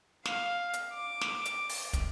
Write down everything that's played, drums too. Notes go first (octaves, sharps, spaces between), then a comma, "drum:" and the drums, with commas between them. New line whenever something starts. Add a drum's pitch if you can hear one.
F5, drum: snare
drum: hi-hat
D6
drum: snare
drum: hi-hat
drum: open hi-hat
drum: kick, hi-hat